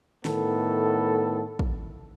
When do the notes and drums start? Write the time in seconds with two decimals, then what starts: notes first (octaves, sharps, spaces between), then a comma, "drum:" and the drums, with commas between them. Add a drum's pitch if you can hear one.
0.25 A2 D#3 B3 A4, drum: snare
1.59 drum: kick